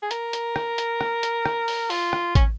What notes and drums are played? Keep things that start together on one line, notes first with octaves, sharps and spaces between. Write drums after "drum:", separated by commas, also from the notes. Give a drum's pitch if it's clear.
G#4
A#4, drum: hi-hat
drum: hi-hat
drum: rim click
drum: hi-hat
drum: rim click
drum: hi-hat
drum: rim click
drum: open hi-hat
F4, drum: open hi-hat
drum: rim click
C#4, drum: kick, hi-hat